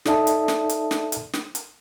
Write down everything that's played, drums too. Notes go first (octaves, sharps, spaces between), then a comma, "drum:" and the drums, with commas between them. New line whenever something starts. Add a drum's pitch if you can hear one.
D#4 A4 D5 E5 A5 D#6, drum: snare
drum: hi-hat
drum: snare
drum: hi-hat
drum: snare
drum: hi-hat
drum: snare
drum: hi-hat